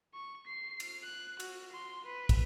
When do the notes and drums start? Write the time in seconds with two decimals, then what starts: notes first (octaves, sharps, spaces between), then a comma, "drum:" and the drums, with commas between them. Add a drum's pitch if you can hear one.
0.14 C#6
0.47 C7
0.80 drum: cymbal
1.04 F#6
1.40 F#4, drum: cymbal
1.73 C6
2.05 B4
2.29 drum: kick, cymbal